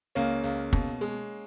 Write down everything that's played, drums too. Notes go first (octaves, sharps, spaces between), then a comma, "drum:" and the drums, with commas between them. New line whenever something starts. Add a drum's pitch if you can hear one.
C#2 A#3 C#4
C#2
B2, drum: kick
G#3